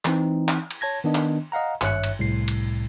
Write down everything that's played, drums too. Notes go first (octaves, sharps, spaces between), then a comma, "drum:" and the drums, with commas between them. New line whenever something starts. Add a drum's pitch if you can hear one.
E3 C4 D#4, drum: clap
drum: clap
drum: cymbal
C#5 A5 G#6 A#6
D#3 B3 D4 D#5
drum: clap
D#5 F5 F#5 A#5
G#1 G2 C#5 E5 F#6 C#7, drum: clap
drum: cymbal
C2 A2 C7
drum: cymbal